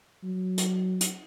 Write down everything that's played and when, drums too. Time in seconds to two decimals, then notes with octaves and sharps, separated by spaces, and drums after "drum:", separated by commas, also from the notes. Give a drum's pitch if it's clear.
0.23 F#3
0.57 drum: hi-hat
1.01 drum: hi-hat